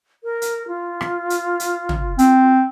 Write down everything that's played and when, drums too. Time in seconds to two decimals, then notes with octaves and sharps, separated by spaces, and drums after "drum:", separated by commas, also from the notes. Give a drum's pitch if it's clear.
0.24 A#4
0.42 drum: hi-hat
0.68 F4
1.01 drum: rim click
1.30 drum: hi-hat
1.60 drum: hi-hat
1.89 drum: tom
2.19 C4, drum: hi-hat